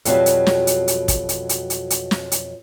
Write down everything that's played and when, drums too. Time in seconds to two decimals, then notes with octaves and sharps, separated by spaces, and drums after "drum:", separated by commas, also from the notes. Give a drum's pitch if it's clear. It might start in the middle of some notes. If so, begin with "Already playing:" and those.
0.05 F2 B2 F#3 G3, drum: hi-hat
0.26 drum: hi-hat
0.46 drum: snare
0.67 drum: hi-hat
0.88 drum: hi-hat
1.08 drum: kick, hi-hat
1.29 drum: hi-hat
1.49 drum: hi-hat
1.70 drum: hi-hat
1.90 drum: hi-hat
2.11 drum: snare
2.32 drum: hi-hat